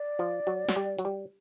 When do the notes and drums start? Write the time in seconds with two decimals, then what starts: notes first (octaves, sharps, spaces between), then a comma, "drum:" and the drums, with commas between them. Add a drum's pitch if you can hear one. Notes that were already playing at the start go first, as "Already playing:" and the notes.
Already playing: D5
0.19 F3
0.47 F#3
0.69 F#3, drum: snare
0.76 G3
0.99 F#3, drum: hi-hat
1.05 G3